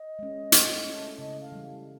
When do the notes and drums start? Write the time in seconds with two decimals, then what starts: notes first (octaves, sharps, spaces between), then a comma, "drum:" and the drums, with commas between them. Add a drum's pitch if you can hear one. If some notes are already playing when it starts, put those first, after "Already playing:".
Already playing: D#5
0.19 G#3 C#4
0.52 A3, drum: hi-hat
0.86 C#4 E4 A4
1.18 C#3 D#5
1.41 F5
1.52 E3 G3